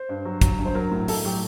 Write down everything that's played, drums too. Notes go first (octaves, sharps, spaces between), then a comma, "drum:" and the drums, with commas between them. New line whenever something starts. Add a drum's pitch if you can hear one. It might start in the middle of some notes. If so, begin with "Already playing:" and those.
Already playing: C5
G2
F#3
F#3, drum: kick, hi-hat
G2
C5
F#3 A#4
A2
A2 A4, drum: open hi-hat
F#3 G4